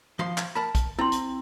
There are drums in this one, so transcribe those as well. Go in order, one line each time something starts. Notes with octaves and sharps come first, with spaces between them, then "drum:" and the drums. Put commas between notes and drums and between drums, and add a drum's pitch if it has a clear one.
F3 C6
drum: clap
A#4 A5 B5
drum: kick, hi-hat
C4 E4 C6
drum: hi-hat